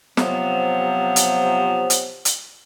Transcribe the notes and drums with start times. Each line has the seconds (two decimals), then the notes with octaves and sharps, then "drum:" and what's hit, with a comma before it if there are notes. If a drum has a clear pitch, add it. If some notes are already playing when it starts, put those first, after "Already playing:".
0.17 C3 F3 F#3 B3, drum: snare
1.16 drum: hi-hat
1.90 drum: hi-hat
2.25 drum: hi-hat